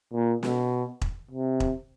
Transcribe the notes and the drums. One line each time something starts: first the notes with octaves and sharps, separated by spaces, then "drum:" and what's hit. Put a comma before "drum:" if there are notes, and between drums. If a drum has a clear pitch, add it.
A#2
B2, drum: snare
drum: kick E1
C3
drum: kick E1